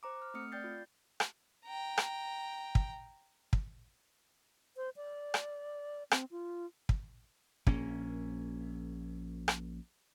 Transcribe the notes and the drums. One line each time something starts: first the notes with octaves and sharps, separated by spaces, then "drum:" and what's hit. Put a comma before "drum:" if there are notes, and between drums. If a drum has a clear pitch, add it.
C5 A#5 D6
F6
A3 C4 D#6 F6 C#7
D5 G5 G6 A6 C7
F4
drum: rim click
G5 A#5
drum: rim click
drum: kick
drum: kick
C5
D5
drum: rim click
C4, drum: rim click
F4
drum: kick
A#1 A#3 C#4, drum: kick
drum: rim click